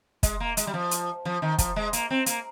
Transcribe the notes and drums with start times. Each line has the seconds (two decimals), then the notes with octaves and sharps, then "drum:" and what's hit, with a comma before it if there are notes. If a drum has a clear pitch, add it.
0.23 G#3, drum: kick, hi-hat
0.40 A#3
0.57 G#3, drum: hi-hat
0.67 G3
0.74 F3
0.91 drum: hi-hat
1.25 F3
1.42 D#3
1.58 F3, drum: kick, hi-hat
1.76 G#3
1.93 A#3, drum: hi-hat
2.10 C4
2.26 A#3, drum: hi-hat